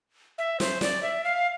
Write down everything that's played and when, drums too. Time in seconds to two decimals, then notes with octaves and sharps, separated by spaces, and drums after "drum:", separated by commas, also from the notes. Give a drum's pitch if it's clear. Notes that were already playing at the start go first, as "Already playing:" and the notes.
0.38 E5
0.60 C5, drum: snare
0.81 D5, drum: snare
1.03 E5
1.24 F5